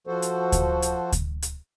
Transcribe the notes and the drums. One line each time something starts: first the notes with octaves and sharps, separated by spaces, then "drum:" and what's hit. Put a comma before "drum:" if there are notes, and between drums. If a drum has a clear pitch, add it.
F3 F#4 A4 C5
drum: hi-hat
drum: kick D2, hi-hat
drum: hi-hat
drum: kick D2, hi-hat
drum: hi-hat